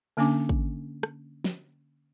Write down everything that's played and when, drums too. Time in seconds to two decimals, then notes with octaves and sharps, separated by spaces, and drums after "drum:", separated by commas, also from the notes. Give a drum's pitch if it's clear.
0.17 D3 A#3 C#4 D4 G#5 D6
0.49 drum: kick
1.03 drum: rim click
1.44 drum: snare